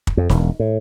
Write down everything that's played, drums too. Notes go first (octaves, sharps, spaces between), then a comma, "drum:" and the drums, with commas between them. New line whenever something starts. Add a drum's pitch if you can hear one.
drum: kick
F2
E1, drum: snare D#4
A2